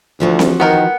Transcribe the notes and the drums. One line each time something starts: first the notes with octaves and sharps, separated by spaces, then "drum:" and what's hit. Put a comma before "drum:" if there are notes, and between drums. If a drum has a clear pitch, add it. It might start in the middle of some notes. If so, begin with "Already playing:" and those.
D2 E3 F3 F#4
drum: snare C4
D#3 B3 A#4 F#5 G5